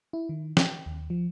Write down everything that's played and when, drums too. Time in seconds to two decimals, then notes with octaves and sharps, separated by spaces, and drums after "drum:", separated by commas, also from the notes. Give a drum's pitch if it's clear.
0.13 E4
0.29 D#3
0.57 G5, drum: snare
0.86 D#2
1.10 F3